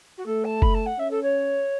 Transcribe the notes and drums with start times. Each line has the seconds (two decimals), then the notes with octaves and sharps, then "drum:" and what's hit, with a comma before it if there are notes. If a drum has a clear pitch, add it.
0.17 F#4
0.25 A3 A4
0.44 A5
0.62 B5, drum: kick F#1
0.74 A5
0.86 F#5
0.99 C#4 E5
1.10 A4
1.22 C#5